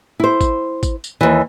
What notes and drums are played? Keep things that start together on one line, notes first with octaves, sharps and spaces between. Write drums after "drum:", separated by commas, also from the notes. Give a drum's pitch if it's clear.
E4 C5
drum: kick, tambourine
drum: kick, tambourine
drum: tambourine
D#2 E3